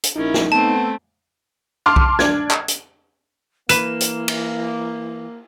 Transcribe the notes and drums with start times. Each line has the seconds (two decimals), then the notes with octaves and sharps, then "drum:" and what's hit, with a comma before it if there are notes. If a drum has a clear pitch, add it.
0.04 drum: hi-hat
0.16 A#1 C#4 D#4 E4 A#4
0.34 drum: snare
0.52 A3 B3 C4 A4 A5
1.86 A5 C6 D6 F6
1.96 drum: kick B1
2.19 D4 G#6, drum: snare
2.51 drum: clap
2.68 drum: hi-hat
3.69 E3 A#3 B4 E7, drum: hi-hat
4.00 drum: hi-hat
4.28 drum: cymbal